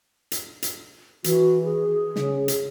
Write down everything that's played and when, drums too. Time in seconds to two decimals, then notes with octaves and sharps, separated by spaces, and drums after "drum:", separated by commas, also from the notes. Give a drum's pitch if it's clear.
0.32 drum: hi-hat
0.62 drum: hi-hat
1.24 E3 F#4, drum: hi-hat
1.64 G#4
2.16 C#3, drum: snare
2.48 drum: hi-hat